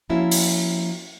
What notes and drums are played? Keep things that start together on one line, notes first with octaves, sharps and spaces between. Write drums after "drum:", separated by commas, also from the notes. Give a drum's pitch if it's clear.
F3 A#3 C4 C#4 E4 F#4
drum: open hi-hat